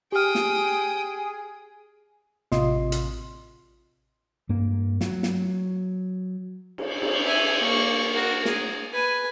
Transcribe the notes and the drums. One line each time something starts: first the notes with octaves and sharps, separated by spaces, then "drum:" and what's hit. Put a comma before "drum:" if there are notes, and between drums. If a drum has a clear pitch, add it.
G4 G#4 G5 D#6 F6
drum: snare
A1 C3 F4 D#5 C6, drum: snare
drum: hi-hat
G2 A#3
F#3, drum: snare
drum: snare
drum: cymbal
drum: cymbal
E5 G#5
A#3 C#6
F#4 A#4
G#4, drum: snare
B4 G#5